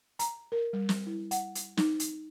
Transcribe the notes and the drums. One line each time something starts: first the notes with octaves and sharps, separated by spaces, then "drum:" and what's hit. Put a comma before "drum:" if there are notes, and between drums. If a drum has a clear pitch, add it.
A#5, drum: hi-hat
A#4
G3
drum: snare
E4
F#5, drum: hi-hat
drum: hi-hat
D#4, drum: snare
drum: hi-hat